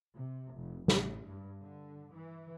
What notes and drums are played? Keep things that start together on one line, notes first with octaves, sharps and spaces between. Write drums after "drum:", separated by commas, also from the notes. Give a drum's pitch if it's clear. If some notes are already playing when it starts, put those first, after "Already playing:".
C3
F1
A1, drum: snare
G2
D3
E3